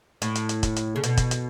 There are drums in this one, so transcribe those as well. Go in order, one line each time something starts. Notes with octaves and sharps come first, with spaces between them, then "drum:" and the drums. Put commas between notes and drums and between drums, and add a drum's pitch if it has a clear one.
A2, drum: hi-hat
drum: hi-hat
drum: hi-hat
drum: kick, hi-hat
drum: hi-hat
C#3
B2, drum: hi-hat
drum: kick, hi-hat
drum: hi-hat